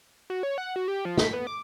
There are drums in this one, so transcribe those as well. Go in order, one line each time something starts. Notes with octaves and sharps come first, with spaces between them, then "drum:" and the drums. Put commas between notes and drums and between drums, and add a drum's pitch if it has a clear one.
F#4
C#5
F#5
F#4
G4
F3
B6, drum: snare
B3
D6